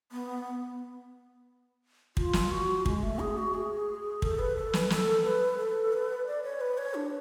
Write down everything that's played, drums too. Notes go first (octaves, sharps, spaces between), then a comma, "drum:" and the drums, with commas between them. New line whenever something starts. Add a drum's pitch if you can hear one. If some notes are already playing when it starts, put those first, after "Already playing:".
B3
F4, drum: kick
drum: snare
F#4
G#3, drum: kick
A3
G#4
F#4
G#4
A4, drum: kick
B4
A4
B4, drum: snare
A4, drum: snare
B4
A4
B4
D5
C#5
B4
C#5
D4